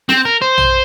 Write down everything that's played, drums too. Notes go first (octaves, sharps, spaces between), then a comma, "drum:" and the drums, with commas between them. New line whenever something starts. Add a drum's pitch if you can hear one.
C4, drum: snare
A#4
C5
drum: tom A#1